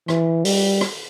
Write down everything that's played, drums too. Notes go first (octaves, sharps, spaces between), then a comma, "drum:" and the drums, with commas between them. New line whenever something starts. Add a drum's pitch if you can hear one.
E3, drum: rim click
G3, drum: open hi-hat
drum: rim click